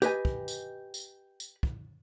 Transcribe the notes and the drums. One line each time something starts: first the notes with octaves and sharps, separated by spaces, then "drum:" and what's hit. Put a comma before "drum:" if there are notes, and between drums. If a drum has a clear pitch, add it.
G4 B4 D#5 G#5, drum: tambourine
drum: kick
drum: tambourine
drum: tambourine
drum: tambourine
drum: kick